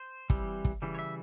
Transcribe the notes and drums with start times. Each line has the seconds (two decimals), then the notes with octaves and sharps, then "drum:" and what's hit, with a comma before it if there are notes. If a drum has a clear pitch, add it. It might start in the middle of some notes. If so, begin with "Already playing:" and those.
Already playing: C5
0.30 E3 G3 C4, drum: kick
0.65 drum: kick
0.82 C#3 E3 G3
0.95 C#5
0.99 E5